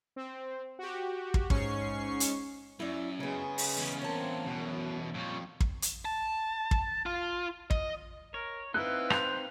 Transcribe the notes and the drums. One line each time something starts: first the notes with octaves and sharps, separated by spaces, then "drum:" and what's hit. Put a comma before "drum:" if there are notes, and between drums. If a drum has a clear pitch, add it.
C4
F#4 G4
drum: kick
G#2 C#4 C#6 C7, drum: kick
drum: hi-hat
F#2 E4 D5
C#3 G#3 B3 C#5
drum: open hi-hat
E2 C#4
A#3 C4 C#5 A5
F#2 B2
F2 A#2 G3 C#5
drum: kick
drum: hi-hat
A5
drum: kick
F4
D#5, drum: kick
A#4 C#5
C4 D#4 E4 B4 F5 F#6
C5 F7, drum: rim click